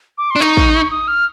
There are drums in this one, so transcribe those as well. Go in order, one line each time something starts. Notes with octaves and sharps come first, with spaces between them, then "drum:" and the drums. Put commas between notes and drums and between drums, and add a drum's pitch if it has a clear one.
D6
C6
D4
D#4 C#6, drum: clap
C#6, drum: kick
C#6
D#6
F6